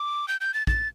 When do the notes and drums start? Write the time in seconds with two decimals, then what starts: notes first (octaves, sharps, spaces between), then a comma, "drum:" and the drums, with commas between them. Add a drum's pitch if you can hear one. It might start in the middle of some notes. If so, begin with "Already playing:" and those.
Already playing: D6
0.28 G6
0.41 G6
0.54 A6
0.67 A6, drum: kick